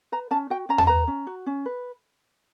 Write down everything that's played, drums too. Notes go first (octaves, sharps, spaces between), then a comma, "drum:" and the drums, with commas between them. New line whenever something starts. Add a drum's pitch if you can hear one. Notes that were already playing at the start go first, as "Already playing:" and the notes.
B4 A#5
C#4 A5
F#4 G5
C#4 A#5
A5, drum: tom E2
B4 A#5
C#4
F#4
C#4
B4